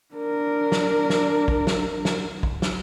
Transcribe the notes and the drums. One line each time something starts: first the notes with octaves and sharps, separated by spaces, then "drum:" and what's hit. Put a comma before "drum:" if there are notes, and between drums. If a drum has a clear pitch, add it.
D4 A#4
drum: snare
drum: snare
drum: kick
drum: snare
drum: snare
drum: kick
drum: snare